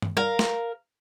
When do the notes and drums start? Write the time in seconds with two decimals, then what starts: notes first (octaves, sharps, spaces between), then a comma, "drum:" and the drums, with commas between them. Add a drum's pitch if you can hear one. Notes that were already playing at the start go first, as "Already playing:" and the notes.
0.02 drum: tom
0.17 A#4 F5, drum: tom G3
0.39 drum: snare